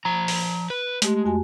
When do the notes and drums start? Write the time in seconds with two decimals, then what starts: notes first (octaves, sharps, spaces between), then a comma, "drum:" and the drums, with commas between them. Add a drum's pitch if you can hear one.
0.05 F3 A#5
0.28 drum: open hi-hat
0.70 B4
1.02 G#3 A3 G4, drum: hi-hat
1.25 F2 F#4 G#5